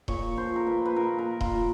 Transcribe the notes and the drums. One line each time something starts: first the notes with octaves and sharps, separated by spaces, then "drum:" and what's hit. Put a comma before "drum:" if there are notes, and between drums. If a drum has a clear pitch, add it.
A#2 C#5, drum: kick D#1
F3 C5
A#4
A#2 B4
B4
A#2 A#4
A#4
A#2
F4, drum: kick D#1
A#2